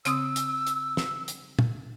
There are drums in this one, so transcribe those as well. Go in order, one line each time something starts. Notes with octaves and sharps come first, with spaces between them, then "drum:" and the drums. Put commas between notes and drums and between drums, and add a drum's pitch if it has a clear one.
C#3 C4 D#6 E6, drum: hi-hat
drum: hi-hat
drum: hi-hat
drum: snare
drum: hi-hat
drum: tom